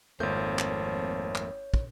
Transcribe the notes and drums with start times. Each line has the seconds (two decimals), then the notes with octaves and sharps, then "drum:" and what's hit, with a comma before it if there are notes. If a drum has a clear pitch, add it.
0.20 G#1 F2 F3 A3 A#3 C#5 G6
0.59 drum: clap
1.35 drum: clap
1.74 drum: kick